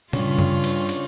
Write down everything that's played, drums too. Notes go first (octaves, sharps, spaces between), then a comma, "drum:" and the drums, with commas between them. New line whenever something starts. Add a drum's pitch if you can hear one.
G2 C#3 C#4 D4 F4 C#5, drum: tom A#2
drum: tom F#2
drum: cymbal
drum: cymbal